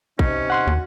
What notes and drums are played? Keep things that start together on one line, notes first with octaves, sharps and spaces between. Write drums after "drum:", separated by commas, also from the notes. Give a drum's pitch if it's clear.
C3 C#4 D#4, drum: kick
F#5 C6 F#6
D#2 F#4